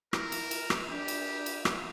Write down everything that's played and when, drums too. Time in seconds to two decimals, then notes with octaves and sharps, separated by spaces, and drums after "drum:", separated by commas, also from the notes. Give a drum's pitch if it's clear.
0.13 E4 A#4, drum: rim click
0.32 drum: cymbal
0.51 drum: cymbal
0.70 drum: rim click
0.90 D4 G4
1.08 drum: cymbal
1.46 drum: cymbal
1.65 drum: rim click